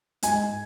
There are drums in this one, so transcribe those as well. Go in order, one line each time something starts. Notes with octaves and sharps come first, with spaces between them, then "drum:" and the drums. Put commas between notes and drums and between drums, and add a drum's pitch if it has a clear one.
G#2 G#5, drum: hi-hat